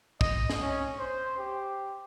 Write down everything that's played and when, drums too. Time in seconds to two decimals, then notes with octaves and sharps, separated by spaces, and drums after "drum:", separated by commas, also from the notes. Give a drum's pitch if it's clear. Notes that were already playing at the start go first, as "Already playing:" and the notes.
0.21 D#5, drum: kick
0.50 drum: snare
0.60 C#4
0.99 C5
1.39 G4